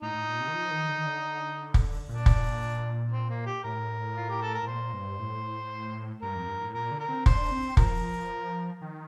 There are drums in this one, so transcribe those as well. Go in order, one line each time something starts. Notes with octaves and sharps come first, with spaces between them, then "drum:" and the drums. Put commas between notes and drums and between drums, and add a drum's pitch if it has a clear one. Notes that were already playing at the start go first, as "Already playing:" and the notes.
A2 D#4
A2
A#2
C3
D#3
F3
D#3
D3
D#3
D3
drum: kick
A#2 D4
drum: kick
C4
A#3
G4
A2 A#4
F4
G4
A4
A#4
A2
A#2 C5
G2
A2
G2 A#4
F2
G2
A2
A#2 A#4
D3
A#4
C4
D4 C5, drum: kick
C4
F3 A#4, drum: kick
D#3